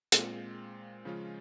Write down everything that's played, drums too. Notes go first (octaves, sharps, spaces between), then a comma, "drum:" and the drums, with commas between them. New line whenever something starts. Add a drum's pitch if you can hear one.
A#2 G#3 C4 F4, drum: hi-hat
C#3 F3 G#3 C#4 F4